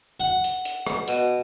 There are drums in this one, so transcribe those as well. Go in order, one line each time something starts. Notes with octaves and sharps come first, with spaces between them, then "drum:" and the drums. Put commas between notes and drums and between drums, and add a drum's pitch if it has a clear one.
F#5
drum: hi-hat
drum: hi-hat
drum: rim click
B2, drum: hi-hat